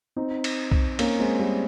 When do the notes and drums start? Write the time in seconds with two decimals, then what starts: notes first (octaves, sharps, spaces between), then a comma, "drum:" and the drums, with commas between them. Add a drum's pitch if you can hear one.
0.16 C4 D#4
0.44 drum: cymbal
0.72 drum: kick B1
0.99 A#3 C#4, drum: cymbal
1.19 G#3 C4
1.39 G3 A#3